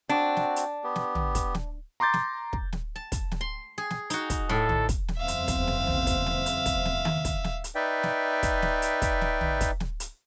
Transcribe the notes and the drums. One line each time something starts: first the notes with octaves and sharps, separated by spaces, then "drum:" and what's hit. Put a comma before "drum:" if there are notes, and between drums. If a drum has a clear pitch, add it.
C4 D4 F#4
drum: snare
drum: hi-hat
B3 G4
drum: snare
drum: tom
drum: kick, hi-hat
drum: snare
A#5 C6 D6 G6 A6
drum: snare
drum: kick
drum: snare
A5
drum: kick, hi-hat
drum: snare
C6
G#4
drum: snare
D#4 F#4, drum: hi-hat
drum: kick, hi-hat
A2 A4, drum: snare
drum: tom
drum: kick, hi-hat
drum: snare
F#1 E2 C4 E5 F5
drum: hi-hat
drum: kick, hi-hat
drum: snare
drum: tom
drum: kick, hi-hat
drum: snare
drum: hi-hat
drum: kick, hi-hat
drum: snare
drum: tom D#3
drum: kick, hi-hat
drum: snare
drum: hi-hat
D#4 B4 D5 E5 G5
drum: snare
drum: kick, hi-hat
drum: snare
drum: hi-hat
drum: kick, hi-hat
drum: snare
drum: tom
drum: kick, hi-hat
drum: snare
drum: hi-hat